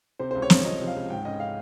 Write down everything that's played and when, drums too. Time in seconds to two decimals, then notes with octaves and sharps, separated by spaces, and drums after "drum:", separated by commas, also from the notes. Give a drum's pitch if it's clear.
0.19 C3 C5
0.31 C#2 C5
0.42 C#5
0.50 C#2, drum: snare
0.65 F3 D#5
0.80 C3
0.87 F5
0.96 C#2
1.10 G#2 G5
1.25 C#4 D#5
1.40 F5